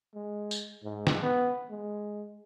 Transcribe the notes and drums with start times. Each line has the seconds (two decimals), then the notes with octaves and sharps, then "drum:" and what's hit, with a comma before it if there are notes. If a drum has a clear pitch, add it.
0.15 G#3
0.51 drum: tambourine
0.84 G#2
1.07 drum: snare
1.23 B3
1.70 G#3